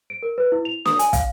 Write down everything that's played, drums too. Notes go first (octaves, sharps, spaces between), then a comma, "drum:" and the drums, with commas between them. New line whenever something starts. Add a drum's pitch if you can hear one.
D7
A#4
B4
E4
F7
D#6, drum: snare
G#5, drum: hi-hat
F5, drum: kick, hi-hat